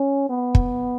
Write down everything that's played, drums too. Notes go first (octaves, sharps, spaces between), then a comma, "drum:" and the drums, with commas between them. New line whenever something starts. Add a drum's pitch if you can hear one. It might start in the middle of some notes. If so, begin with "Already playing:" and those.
Already playing: C#4
B3
drum: kick